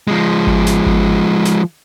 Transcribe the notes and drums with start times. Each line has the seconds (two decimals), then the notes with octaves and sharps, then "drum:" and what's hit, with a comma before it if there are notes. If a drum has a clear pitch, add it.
0.08 F3 G#3
0.47 drum: kick G#1
0.67 drum: snare
0.86 drum: kick G#1
1.45 drum: snare